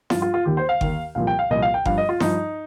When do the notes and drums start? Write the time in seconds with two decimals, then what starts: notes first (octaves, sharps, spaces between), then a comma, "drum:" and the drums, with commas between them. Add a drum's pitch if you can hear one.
0.10 G2 F3 F4, drum: snare E4
0.22 F4
0.34 F4
0.45 D#2 D#3 G4
0.57 C5
0.69 F5
0.81 D#2 D#3, drum: kick G1
1.15 C2 A#2 F3 F5
1.27 G5
1.39 F5
1.50 C2 A#2 F3 D#5
1.62 F5
1.74 G5
1.85 G2 F3 F5, drum: kick G1
1.98 D#5
2.09 F4
2.20 G2 F3 D#4, drum: snare E4